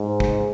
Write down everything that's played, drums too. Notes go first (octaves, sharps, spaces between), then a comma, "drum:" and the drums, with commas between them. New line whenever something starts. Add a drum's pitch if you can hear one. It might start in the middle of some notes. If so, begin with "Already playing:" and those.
Already playing: G#2
drum: kick